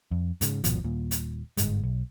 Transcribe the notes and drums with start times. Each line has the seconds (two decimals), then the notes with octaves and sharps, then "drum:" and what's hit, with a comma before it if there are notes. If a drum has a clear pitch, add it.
0.11 F2
0.41 G#2 C#3, drum: hi-hat
0.64 D#1 G#1 B2 F3, drum: hi-hat
0.84 D#1 A#2
1.11 drum: hi-hat
1.57 G1 G#2 G#3, drum: hi-hat
1.84 B1